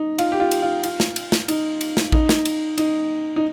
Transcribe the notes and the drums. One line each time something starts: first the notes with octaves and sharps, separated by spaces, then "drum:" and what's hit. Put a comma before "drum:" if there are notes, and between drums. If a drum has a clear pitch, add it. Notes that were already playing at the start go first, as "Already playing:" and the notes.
Already playing: D#4
F4, drum: cymbal
G4
F4
drum: cymbal
F4
F4, drum: cymbal
drum: snare
drum: cymbal
drum: snare
D#4, drum: cymbal
drum: cymbal
drum: snare
D#4, drum: kick
drum: snare
drum: cymbal
D#4, drum: cymbal
D#4